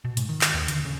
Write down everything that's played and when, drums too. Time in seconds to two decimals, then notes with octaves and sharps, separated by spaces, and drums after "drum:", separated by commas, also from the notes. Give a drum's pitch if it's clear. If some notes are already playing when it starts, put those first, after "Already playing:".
0.05 B2
0.17 G#2, drum: hi-hat
0.29 D#3
0.41 drum: clap
0.54 D#2
0.68 D3, drum: hi-hat
0.85 C#3